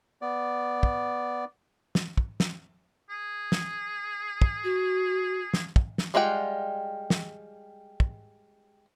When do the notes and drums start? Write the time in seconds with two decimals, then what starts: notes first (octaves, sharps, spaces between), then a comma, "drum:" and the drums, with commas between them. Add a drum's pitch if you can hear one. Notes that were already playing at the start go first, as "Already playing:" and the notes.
0.22 B3 D5
0.83 drum: kick
1.95 drum: snare
2.17 drum: kick
2.40 drum: snare
3.09 G#4
3.52 drum: snare
4.42 drum: kick
4.64 F#4
5.54 drum: snare
5.76 drum: kick
5.98 drum: snare
6.14 G3 G#3 F4 F#5 G5
7.10 drum: snare
8.00 drum: kick